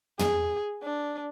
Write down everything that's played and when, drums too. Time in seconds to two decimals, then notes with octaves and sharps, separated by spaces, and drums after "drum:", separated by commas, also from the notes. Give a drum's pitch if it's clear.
0.19 G#4, drum: tom
0.83 D4